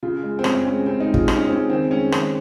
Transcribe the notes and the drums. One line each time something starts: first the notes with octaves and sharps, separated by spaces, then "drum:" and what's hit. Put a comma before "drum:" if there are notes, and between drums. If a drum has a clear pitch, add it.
C#3 F4
G#3
C4
C#3 C#4, drum: rim click
G#3 C#4
C#3 C4
D#4
G#3
F4, drum: kick
C#3 D#4, drum: rim click
C#4
C4
G#3 C#4
D#3 C4
G#3 C#4
D#3, drum: rim click